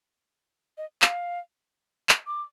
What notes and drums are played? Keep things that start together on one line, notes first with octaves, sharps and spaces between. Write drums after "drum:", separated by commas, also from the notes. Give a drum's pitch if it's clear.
D#5
F5, drum: clap
drum: clap
D6